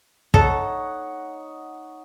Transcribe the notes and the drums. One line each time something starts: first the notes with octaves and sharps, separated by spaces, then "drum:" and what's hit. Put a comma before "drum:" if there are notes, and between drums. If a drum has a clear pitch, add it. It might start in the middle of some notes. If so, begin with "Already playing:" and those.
D#4 A4 C#5 F#5, drum: kick